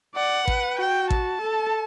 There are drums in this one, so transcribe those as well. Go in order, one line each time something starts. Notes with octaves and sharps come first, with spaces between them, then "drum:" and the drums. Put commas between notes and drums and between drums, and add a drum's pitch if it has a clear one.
D5 F#5
B4, drum: kick A1
F#4 G5
A5, drum: kick A1
A4